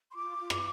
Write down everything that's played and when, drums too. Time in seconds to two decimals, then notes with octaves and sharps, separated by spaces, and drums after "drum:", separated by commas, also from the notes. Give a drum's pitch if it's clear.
0.11 C6
0.15 F4 D6
0.39 F4
0.50 drum: rim click